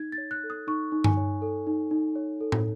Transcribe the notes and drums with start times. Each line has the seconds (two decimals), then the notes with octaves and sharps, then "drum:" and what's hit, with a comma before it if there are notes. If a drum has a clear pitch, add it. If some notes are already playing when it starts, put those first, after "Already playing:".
Already playing: D#4 G#6
0.12 A6
0.18 C#5
0.31 F#6
0.44 A4
0.50 D#6
0.67 D#4 C#6
0.92 D#4
1.04 G#5, drum: tom G2
1.17 C#5
1.42 A4
1.67 D#4
1.91 D#4
2.15 C#5
2.41 A4
2.52 drum: tom